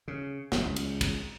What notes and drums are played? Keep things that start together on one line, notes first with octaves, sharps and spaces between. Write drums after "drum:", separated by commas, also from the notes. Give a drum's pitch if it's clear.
C#3
F#1, drum: snare
C#2
drum: cymbal
drum: kick, cymbal